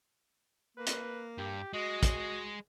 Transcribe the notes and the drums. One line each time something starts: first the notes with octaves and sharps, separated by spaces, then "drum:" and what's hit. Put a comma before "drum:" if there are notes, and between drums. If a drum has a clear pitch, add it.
A#3 B4
drum: hi-hat
G2 G4
G#3 F#4 D#5
drum: kick, hi-hat